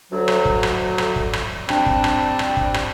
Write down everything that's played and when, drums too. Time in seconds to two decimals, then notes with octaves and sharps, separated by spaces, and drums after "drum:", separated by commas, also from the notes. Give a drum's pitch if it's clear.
0.11 D2 F#3
0.28 drum: rim click
0.45 drum: kick
0.63 drum: rim click
0.98 drum: rim click
1.16 drum: kick
1.33 drum: rim click
1.69 G3 C4 D4, drum: rim click
1.86 drum: kick
2.04 drum: rim click
2.39 drum: rim click
2.57 drum: kick
2.74 drum: rim click